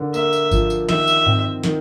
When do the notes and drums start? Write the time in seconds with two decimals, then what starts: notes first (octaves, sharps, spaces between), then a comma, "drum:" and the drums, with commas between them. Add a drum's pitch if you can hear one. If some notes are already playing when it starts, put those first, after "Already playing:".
Already playing: D3 A#3
0.14 A#3 E5, drum: tambourine
0.33 drum: tambourine
0.51 F3, drum: kick G#1, tambourine
0.70 drum: tambourine
0.89 D#3 E5, drum: snare
1.07 drum: tambourine
1.26 C4, drum: tom G#2
1.63 D#3, drum: snare